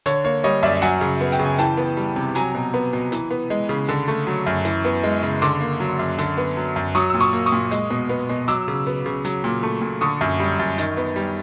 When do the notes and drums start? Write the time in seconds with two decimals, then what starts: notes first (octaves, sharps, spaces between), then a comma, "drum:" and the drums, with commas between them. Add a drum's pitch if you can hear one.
0.06 D3 C#5, drum: hi-hat
0.24 A#3 C#5
0.44 G3 C#5 D#5
0.63 F#2 D5 E5
0.82 F#3 F#5 G#5, drum: hi-hat
1.01 C#3
1.21 B3
1.32 G5, drum: hi-hat
1.39 C#3
1.45 G#5
1.58 E3 G5 A5, drum: hi-hat
1.77 B3
1.97 G3
2.16 C3
2.35 F#3 G#5 A#5, drum: hi-hat
2.54 B2
2.74 B3
2.93 B2
3.12 E3, drum: hi-hat
3.31 B3
3.50 G#3
3.69 C#3
3.89 D3
4.08 A3
4.27 F#3
4.46 F#2
4.65 E3, drum: hi-hat
4.85 B3
5.03 G#3
5.23 C#3
5.42 D3 C6 D6, drum: hi-hat
5.61 A#3
5.80 F#3
5.99 F#2
6.19 D3, drum: hi-hat
6.38 B3
6.57 F#3
6.76 F#2
6.95 F#3 C#6 D#6, drum: hi-hat
7.10 A#2 E6
7.20 C#6 D#6, drum: hi-hat
7.33 A#3
7.46 C#6 D#6, drum: hi-hat
7.52 A#2
7.71 G#3, drum: hi-hat
7.90 B2
8.09 B3
8.29 B2
8.48 F#3 D6 E6, drum: hi-hat
8.68 C#3
8.87 B3
9.06 C#3
9.25 F#3, drum: hi-hat
9.44 A#2
9.63 A3
9.82 A#2
10.01 D3 C#6 D#6
10.21 F#2
10.40 G3
10.59 F#2
10.78 D#3, drum: hi-hat
10.97 B3
11.16 G3